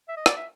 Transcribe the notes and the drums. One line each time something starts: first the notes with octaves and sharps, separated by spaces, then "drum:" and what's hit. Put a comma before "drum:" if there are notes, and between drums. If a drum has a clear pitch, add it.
E5
D#5
D5, drum: rim click
E5